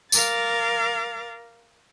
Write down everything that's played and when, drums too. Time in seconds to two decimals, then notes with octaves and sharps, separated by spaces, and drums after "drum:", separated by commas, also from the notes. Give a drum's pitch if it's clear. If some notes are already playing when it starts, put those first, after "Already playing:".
0.12 A#4 F5 D6 A6, drum: tambourine